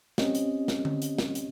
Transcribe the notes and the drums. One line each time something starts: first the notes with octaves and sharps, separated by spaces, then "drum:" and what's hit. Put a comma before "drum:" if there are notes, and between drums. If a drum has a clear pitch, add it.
C4 C#4 G4 D#5, drum: snare
drum: hi-hat
drum: snare
drum: tom D3
drum: hi-hat
drum: snare
drum: hi-hat